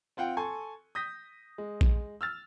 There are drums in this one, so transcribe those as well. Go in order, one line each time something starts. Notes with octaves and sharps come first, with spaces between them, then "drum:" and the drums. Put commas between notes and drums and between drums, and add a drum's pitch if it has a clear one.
C4 F4 F#5 G5
A4 G#5 C6 C#6
D#6 G6 A#6 B6
G#3
drum: kick A#1
E6 F6 A6